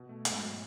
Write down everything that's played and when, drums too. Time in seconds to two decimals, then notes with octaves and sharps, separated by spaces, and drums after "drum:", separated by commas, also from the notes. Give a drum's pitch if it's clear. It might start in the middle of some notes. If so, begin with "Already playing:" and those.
Already playing: B2
0.09 A3
0.25 G#2 B2, drum: hi-hat
0.43 F#3